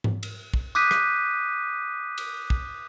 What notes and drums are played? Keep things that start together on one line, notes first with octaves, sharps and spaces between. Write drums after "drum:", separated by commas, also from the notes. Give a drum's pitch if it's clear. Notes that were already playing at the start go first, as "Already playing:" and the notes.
drum: tom G#2
drum: cymbal
drum: kick
D6 D#6 F#6 G6 B6 D#7, drum: tambourine
drum: rim click
drum: cymbal
drum: kick